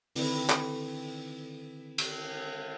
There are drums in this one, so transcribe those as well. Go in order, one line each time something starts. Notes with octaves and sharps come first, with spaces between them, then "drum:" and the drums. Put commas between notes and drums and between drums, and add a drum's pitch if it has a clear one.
D3 D#3 C4 E4 B4, drum: open hi-hat
drum: clap
drum: cymbal